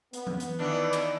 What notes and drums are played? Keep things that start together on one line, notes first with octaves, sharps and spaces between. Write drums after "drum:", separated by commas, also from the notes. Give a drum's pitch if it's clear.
B3, drum: hi-hat
drum: tom E3
drum: hi-hat
D#3 E3 D4
drum: clap